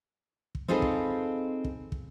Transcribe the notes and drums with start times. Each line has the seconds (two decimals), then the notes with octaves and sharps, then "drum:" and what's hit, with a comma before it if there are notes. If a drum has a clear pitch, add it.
0.55 drum: kick
0.68 C4 D#4 F4 G#4 A4 B4
0.82 drum: kick
1.64 drum: kick
1.92 drum: kick